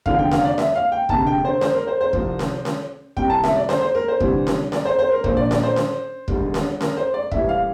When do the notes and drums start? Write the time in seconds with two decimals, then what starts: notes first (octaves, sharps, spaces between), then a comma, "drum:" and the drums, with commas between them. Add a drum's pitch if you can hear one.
0.06 F1 E2 D3 F3 F5, drum: kick
0.19 G5
0.31 F5, drum: snare C#4
0.45 D5
0.58 E5, drum: snare C#4
0.75 F5
0.92 G5
1.09 E1 D2 C3 A5, drum: kick
1.27 G5
1.45 C5
1.61 C5, drum: snare C#4
1.74 A#4
1.87 C5
2.01 C5
2.13 C2 C3 F3, drum: kick
2.39 drum: snare C#4
2.65 drum: snare C#4
3.17 C2 C3 G3 G5, drum: kick
3.30 A5
3.44 E5, drum: snare C#4
3.56 D5
3.69 C5, drum: snare C#4
3.81 C5
3.95 A#4
4.08 C5
4.20 D2 C3 E3 G3, drum: kick
4.47 drum: snare C#4
4.72 D5, drum: snare C#4
4.85 C5
4.99 C5
5.11 A#4
5.24 A#1 A#2 F3 C5, drum: kick
5.37 D5
5.51 D5, drum: snare C#4
5.63 C5
5.76 drum: snare C#4
6.28 E1 D2 D3 G3, drum: kick
6.54 drum: snare C#4
6.81 A#4, drum: snare C#4
6.97 C5
7.14 D5
7.31 A1 A2 E3 G3 E5, drum: kick
7.49 F5